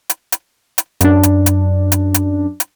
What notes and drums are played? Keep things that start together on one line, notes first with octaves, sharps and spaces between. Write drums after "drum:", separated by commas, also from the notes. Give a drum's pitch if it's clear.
drum: hi-hat
drum: hi-hat
drum: hi-hat
F#2 D4, drum: hi-hat
drum: hi-hat
drum: hi-hat
drum: hi-hat
drum: hi-hat
drum: hi-hat